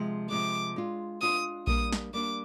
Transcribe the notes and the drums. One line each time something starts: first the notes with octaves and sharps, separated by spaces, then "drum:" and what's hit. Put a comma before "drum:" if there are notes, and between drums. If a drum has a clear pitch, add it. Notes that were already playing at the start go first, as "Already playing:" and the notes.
Already playing: C3 F3 G#3
C3 F3 G#3 D6
G#3 D4 F4
G#3 D4 F4 D#6
G3 A#3 D4 D#6, drum: kick A#1
drum: snare
G3 A#3 D4 D6